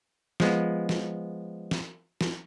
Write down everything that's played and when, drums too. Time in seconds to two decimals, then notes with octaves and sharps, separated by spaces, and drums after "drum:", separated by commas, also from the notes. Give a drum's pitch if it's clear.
0.40 F3 G#3 B3, drum: snare
0.89 drum: snare
1.71 drum: snare
2.21 drum: snare